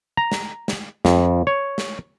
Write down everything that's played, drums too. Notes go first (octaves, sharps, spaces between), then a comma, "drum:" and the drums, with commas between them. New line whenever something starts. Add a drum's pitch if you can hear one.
A#5
drum: snare
drum: snare
F2, drum: snare
C#5
drum: snare